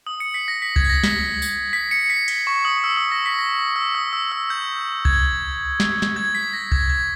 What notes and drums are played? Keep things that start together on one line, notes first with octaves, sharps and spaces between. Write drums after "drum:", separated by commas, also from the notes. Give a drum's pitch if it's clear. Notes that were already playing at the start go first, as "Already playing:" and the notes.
D#6
C#7
B6
A#6
B6
G#6, drum: kick C2
B6
A#6
B6, drum: snare
drum: tambourine
B6
C#7
B6
B6, drum: cymbal
C#6
D#6
E6
D#6
A#6
B6
A#6
E6
D#6
E6
E6
G6
G#6, drum: kick C2
drum: snare
drum: snare
G#6
B6
A#6
G#6, drum: kick C2
G#6